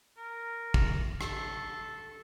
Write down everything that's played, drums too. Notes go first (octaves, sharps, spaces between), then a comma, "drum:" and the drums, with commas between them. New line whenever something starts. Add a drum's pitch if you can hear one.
A#4
drum: kick
A4, drum: rim click